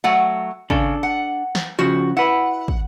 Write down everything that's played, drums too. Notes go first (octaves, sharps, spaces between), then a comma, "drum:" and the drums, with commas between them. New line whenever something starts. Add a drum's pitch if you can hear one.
F#3 A3 F#5
C#3 D4 A4, drum: kick
F#5
drum: snare
C#3 F3 F#4
E4 B4 F#5
drum: kick